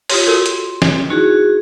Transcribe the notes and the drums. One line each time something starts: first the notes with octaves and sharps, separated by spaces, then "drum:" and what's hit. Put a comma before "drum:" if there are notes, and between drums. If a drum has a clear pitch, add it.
F4 G4 C#5 C6, drum: open hi-hat
F#4 A4 A#4
drum: hi-hat
drum: snare
D#4 E4 F#4 G#4